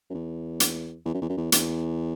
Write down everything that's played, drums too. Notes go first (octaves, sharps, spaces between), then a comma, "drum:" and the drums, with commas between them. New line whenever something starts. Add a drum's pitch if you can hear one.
F#2
E2
drum: hi-hat
E2
F#2
E2
F#2
E2
E2, drum: hi-hat